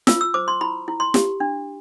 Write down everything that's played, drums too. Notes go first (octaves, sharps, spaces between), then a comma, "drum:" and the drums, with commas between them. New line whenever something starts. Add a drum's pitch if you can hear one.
F4 E6, drum: snare
E6
C5 D6
C6
E4 B5
E4
C6
G4, drum: snare
D4